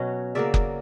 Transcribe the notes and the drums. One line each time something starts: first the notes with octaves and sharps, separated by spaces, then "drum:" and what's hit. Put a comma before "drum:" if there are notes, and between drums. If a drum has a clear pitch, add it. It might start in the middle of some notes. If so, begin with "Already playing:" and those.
Already playing: B2 F#3 C#4 C#5 D#5
C#3 F#3 A#3 D5 E5
drum: kick F#1